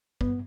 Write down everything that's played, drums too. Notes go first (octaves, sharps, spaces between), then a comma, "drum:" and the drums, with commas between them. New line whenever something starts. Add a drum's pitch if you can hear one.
G2 B3, drum: kick